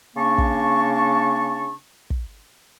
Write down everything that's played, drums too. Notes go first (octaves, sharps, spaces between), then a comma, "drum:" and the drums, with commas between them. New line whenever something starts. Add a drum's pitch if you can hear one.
C#3 A#3 D4 A5 C#6
drum: kick
drum: kick